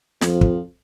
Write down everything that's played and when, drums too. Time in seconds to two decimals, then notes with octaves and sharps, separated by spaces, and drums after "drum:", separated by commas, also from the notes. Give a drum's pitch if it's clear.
0.21 F2 F3, drum: snare
0.41 drum: kick